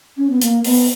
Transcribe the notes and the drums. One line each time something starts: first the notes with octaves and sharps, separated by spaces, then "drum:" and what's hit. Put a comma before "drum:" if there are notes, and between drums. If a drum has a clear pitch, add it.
C#4
B3
A#3, drum: hi-hat
B3, drum: open hi-hat